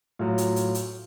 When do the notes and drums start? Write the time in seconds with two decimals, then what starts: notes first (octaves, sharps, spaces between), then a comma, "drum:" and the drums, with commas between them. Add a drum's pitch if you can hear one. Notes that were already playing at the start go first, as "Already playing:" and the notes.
0.19 A2 F#3 F4
0.38 drum: hi-hat
0.56 drum: hi-hat
0.75 drum: hi-hat